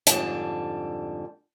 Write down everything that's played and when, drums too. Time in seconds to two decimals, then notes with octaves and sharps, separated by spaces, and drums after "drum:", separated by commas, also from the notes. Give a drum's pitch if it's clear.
0.07 F2 G#2 D3 G3 A5, drum: hi-hat